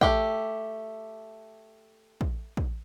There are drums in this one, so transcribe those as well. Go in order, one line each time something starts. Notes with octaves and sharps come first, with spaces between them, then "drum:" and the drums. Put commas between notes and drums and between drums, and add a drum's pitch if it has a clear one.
A3 G4 G5, drum: kick
drum: kick
drum: kick